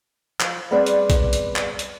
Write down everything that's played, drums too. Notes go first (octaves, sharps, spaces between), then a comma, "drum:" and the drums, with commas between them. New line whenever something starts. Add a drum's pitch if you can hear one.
F3, drum: clap
G3 B3 C4 G#4 B4 D5
drum: hi-hat
drum: kick, hi-hat
drum: hi-hat
drum: clap
drum: hi-hat